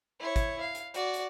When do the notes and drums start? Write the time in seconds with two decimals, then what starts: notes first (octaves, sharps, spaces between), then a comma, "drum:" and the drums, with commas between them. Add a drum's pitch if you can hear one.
0.20 E4 C#5
0.36 drum: kick, hi-hat
0.60 F5
0.75 drum: hi-hat
0.94 F#4 D5, drum: hi-hat
1.14 drum: hi-hat